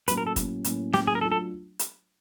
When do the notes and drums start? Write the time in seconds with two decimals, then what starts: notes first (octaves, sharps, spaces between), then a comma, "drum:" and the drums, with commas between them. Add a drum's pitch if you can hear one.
0.08 A2 F#3 A#3 C#4 B4, drum: hi-hat
0.18 A#4
0.27 A4
0.36 A2 F#3 A#3 C#4, drum: kick, hi-hat
0.64 A2 F#3 A#3 C#4, drum: hi-hat
0.93 A2 F#3 A#3 C#4 G4, drum: snare
1.07 G#4
1.15 A#4
1.21 F#3 A3 D4 F4 A4
1.32 A4
1.79 drum: hi-hat